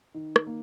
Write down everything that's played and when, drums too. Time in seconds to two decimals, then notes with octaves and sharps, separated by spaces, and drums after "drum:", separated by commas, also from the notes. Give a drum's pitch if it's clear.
0.15 D#3
0.36 drum: rim click
0.47 A#3